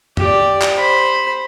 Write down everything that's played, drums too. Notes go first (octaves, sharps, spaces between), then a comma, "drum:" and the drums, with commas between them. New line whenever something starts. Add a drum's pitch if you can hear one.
G4 D5, drum: tom
drum: clap
C5 B5